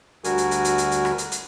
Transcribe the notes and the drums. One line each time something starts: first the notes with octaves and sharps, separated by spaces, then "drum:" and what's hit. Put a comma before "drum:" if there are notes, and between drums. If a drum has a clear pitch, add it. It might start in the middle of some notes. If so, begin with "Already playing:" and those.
D2 D3 G3 F#4 A#4 G#5, drum: hi-hat
drum: hi-hat
drum: hi-hat
drum: hi-hat
drum: hi-hat
drum: hi-hat
drum: rim click
drum: hi-hat
drum: hi-hat